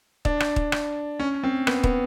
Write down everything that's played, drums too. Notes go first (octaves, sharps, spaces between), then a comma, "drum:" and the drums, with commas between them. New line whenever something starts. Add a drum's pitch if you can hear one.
D4, drum: kick
drum: rim click
drum: kick
drum: rim click
C#4
C4
B3, drum: rim click
B3, drum: kick